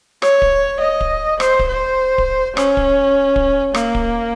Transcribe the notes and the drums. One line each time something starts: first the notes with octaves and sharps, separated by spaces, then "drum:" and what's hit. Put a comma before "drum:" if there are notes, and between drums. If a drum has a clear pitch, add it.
C#5, drum: rim click
drum: kick D1
D#5
drum: kick D1
C5, drum: rim click
drum: kick D1
C5
drum: kick D1
C#4, drum: rim click
drum: kick D1
drum: kick D1
A#3, drum: rim click
drum: kick D1